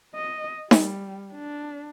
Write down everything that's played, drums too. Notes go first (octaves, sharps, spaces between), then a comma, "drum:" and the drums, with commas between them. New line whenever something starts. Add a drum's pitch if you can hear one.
D#5
G3, drum: snare D#4
D4